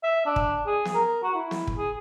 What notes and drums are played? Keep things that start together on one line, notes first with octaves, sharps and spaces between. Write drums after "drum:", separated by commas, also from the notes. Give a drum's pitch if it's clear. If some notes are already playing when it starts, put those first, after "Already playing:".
E5
D4
drum: kick
G#4
drum: snare
A#4
F#4
E4
drum: snare
drum: kick
G#4